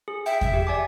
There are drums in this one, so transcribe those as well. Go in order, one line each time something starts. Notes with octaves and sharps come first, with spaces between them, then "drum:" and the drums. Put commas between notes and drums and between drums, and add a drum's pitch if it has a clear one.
G#4
E5 G5
E5, drum: kick E2
G4
D5 G#5 D6